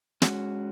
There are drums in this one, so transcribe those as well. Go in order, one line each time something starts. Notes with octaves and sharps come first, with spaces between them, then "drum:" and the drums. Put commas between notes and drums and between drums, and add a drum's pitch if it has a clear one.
G#3 C#4 F#4, drum: snare